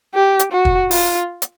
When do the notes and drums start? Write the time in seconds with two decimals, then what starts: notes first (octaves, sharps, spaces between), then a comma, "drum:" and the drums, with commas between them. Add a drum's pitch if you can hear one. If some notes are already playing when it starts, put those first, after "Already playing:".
0.14 G4
0.39 drum: hi-hat
0.52 F#4
0.65 drum: kick
0.91 F4, drum: open hi-hat
1.42 drum: hi-hat